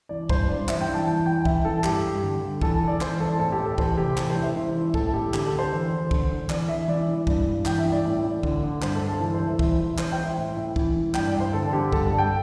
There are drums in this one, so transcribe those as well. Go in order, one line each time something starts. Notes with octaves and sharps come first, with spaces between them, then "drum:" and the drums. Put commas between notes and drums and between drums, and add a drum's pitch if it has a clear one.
E3 D5
G2 C5, drum: kick
G2 D5
E3 E5, drum: clap
G5
E3
A5
E2 G5
E2 G5
E3 E5, drum: kick
E3 A4
G2 G4, drum: clap
G2
D3
D3
E2 A4, drum: kick
E2
D5
E3 C5, drum: clap
E3 A4
A2 A4
G4
A2
A4
E2 C5, drum: kick
C3 G4
E2 A4, drum: clap
C5
E3
E5
E3 E5
E3
A2 A4, drum: kick
A2 G4
D3 G4, drum: clap
A4
D3
C5
E2
E2
D3, drum: kick
D3
E2 D5, drum: clap
E2 E5
E3 D5
E3
G2, drum: kick
G2
E3 G5, drum: clap
E5
E3
D5
A2
A2
D3, drum: kick
D3
G2 C5, drum: clap
A4
G2
A4
E3 A4
C5
E3
E5
E2 E5, drum: kick
E2
E3 C5, drum: clap
G5
E3
E5
A2
A2
E3, drum: kick
E3
G2 G5, drum: clap
D5
G2
C5
D3 A4
D3 G4
G2 A4, drum: kick
A5
G2
G5